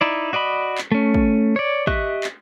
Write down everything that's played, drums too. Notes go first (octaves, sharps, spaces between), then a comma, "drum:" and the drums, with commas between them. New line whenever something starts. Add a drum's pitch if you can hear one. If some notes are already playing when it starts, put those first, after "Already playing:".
D#4 E4 D5
F#4 D5 D#5 B5
drum: clap
A3 C#4
drum: kick
C#5 D5
G4 D#5 E5 C#6 F#6, drum: kick
drum: clap